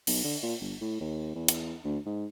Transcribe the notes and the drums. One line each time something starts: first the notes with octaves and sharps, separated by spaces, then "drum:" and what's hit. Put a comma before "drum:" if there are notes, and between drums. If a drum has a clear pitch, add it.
B1, drum: open hi-hat
D3
A#2
G1
A2
D#2
E2
drum: hi-hat
D2
G#2